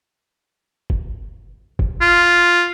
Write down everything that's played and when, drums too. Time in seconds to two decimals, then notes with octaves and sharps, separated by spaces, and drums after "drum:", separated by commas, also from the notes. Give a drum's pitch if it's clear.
0.90 drum: kick
1.79 drum: kick
2.01 F4